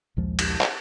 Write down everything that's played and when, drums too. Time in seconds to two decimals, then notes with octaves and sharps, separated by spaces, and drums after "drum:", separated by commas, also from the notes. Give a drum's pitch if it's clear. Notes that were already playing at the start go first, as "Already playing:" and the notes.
0.17 A#1 D#2 F3 G#3
0.39 drum: cymbal
0.61 drum: clap